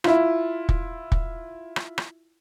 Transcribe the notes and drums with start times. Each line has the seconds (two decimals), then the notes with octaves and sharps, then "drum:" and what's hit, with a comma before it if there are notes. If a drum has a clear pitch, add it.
0.04 E4 F4, drum: rim click
0.69 drum: kick
1.12 drum: kick
1.76 drum: rim click
1.98 drum: rim click